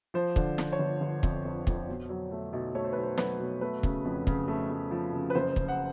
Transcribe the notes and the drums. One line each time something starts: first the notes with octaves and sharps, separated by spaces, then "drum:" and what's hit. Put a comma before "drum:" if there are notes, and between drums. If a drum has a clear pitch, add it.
F3 C5
D3, drum: kick
F3, drum: snare
C#5
G1
G1
F2, drum: kick
F2
F2, drum: kick
B2
F#3
A3
B1
A3 C#5
C5
B1 B4
C5
F#3 B4, drum: snare
B2
A3 B4
C#3, drum: kick
F2
C#3, drum: kick
A3
A3
F3
C#3
B4
F#1 C5
C#3, drum: kick
F#5